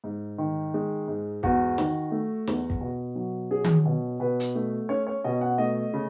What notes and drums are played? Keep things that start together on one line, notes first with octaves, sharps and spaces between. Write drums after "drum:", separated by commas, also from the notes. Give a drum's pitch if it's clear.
G#2
D#3
G#3
G#2
E2 F#4, drum: kick
D#3, drum: snare
A3
E2, drum: snare
drum: kick
B2
F#3
C#4 G#4
drum: tom D#3
B2
B2 B4
drum: hi-hat
A3
C#4 C#5
C#5
B2 D#5
F#5
A3 D#5
C#3